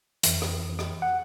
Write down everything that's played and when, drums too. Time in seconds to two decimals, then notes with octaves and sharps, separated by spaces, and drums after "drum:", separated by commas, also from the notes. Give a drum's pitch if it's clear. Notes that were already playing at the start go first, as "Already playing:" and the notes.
0.23 F2 E3, drum: hi-hat
0.42 drum: rim click
0.79 drum: rim click
1.02 F#5